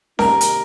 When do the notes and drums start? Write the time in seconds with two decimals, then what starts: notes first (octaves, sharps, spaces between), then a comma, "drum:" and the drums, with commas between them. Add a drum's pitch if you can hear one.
0.19 C3 D#3 A#3 D#4 G4 A#4, drum: snare C#4
0.41 drum: hi-hat